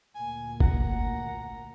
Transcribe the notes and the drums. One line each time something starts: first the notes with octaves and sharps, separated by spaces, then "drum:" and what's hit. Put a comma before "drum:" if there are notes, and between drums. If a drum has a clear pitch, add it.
D2 A#2 A#3 G#5
F#5 A#5, drum: kick